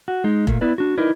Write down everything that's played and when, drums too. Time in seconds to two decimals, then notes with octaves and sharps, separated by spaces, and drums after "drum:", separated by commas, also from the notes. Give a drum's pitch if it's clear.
0.08 F#4
0.24 G#3 D#4
0.47 A#2 A3 A#3, drum: kick F1
0.61 B3 E4 B4 D5
0.78 D4 F#4
0.97 D#4 E4 A#4 B4 D5 D#5